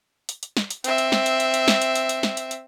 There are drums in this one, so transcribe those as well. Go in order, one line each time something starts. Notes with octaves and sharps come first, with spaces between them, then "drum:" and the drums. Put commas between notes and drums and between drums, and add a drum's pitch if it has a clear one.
drum: hi-hat
drum: hi-hat
drum: snare
drum: hi-hat
C4 E5, drum: hi-hat
drum: hi-hat
drum: snare
drum: hi-hat
drum: hi-hat
drum: hi-hat
drum: snare
drum: hi-hat
drum: hi-hat
drum: hi-hat
drum: snare
drum: hi-hat
drum: hi-hat